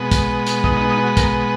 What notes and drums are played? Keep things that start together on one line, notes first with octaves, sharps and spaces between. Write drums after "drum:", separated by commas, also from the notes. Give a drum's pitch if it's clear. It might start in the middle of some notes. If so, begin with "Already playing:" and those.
Already playing: B2 G#3 B3
drum: kick, hi-hat
drum: hi-hat
D#4, drum: kick
D#4
D#4
F#4
A#4, drum: kick, hi-hat